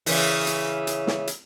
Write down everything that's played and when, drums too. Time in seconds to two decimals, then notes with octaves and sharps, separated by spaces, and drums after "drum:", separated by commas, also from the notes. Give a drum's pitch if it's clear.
0.06 C#3 E3, drum: open hi-hat
0.47 drum: hi-hat
0.87 drum: hi-hat
1.07 drum: snare
1.27 drum: hi-hat